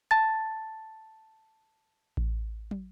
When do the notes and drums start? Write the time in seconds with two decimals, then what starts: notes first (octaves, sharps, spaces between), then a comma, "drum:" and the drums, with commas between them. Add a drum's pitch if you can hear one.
0.11 A5 A6
2.17 drum: kick A1
2.71 drum: tom